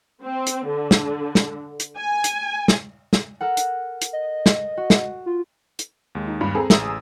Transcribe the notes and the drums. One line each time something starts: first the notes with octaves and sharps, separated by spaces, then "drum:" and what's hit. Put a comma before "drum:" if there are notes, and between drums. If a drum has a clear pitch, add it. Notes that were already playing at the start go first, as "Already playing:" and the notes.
C4
drum: hi-hat
D3
drum: snare
drum: snare
drum: hi-hat
G#5
drum: hi-hat
drum: snare
drum: snare
A4 A#4 F#5
drum: hi-hat
drum: hi-hat
D#5
drum: snare
F#4
drum: snare
F4
drum: hi-hat
D#2 G#3
D#4
G2
C4 G#4 A4 A#5
A1 D#6 E6, drum: snare